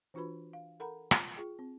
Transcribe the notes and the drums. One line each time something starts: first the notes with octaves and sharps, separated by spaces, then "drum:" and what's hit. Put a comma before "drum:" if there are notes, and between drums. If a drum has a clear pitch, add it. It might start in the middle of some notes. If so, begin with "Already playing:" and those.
E3 D4 F4 F#4 B4 B5
F5
A4 A#4 F#5 A#5 B5
F4, drum: rim click
F4 G#4 G5
C4